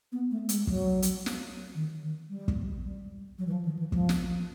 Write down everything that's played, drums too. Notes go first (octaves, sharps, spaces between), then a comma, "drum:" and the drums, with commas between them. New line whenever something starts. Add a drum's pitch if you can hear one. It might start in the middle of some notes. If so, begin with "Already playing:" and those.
B3
A3
G#3, drum: hi-hat
F#3, drum: kick
drum: hi-hat
drum: snare
D#3
D#3
G3
drum: kick
G3
F#3
E3
F3
D#3
E3
F3, drum: kick
drum: snare